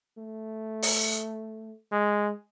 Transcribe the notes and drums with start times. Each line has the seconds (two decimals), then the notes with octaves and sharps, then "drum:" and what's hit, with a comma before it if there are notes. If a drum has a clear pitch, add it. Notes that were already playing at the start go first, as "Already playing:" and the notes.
0.18 A3
0.82 drum: open hi-hat
1.92 G#3